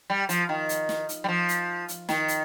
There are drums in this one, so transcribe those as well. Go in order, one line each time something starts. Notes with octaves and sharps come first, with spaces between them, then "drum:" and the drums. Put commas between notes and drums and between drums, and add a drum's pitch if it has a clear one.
G3
F3, drum: hi-hat
D#3
drum: hi-hat
drum: snare
drum: hi-hat
G3
F3
drum: hi-hat
drum: hi-hat
D#3, drum: snare
drum: hi-hat